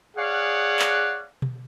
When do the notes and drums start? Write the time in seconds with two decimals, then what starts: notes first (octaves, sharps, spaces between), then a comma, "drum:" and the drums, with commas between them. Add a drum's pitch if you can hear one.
0.16 G#4 C#5 D5 F5 F#5
0.79 drum: clap
1.42 drum: tom B2